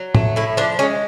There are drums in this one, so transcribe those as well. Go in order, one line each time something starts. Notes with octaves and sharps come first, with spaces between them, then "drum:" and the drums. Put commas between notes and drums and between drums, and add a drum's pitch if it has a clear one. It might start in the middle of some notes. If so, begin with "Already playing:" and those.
Already playing: F#3
A3, drum: tom A2
A2 E4
F3 D4
G#3 C#4